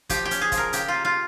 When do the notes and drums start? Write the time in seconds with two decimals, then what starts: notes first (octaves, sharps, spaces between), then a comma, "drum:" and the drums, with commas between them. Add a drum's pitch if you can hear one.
0.09 F3 G4, drum: kick, hi-hat
0.25 G4
0.31 C#4, drum: hi-hat
0.41 G#4
0.52 F3, drum: kick, hi-hat
0.58 A#4
0.73 C#3 G4, drum: hi-hat
0.88 F4
0.94 A#3
1.05 F4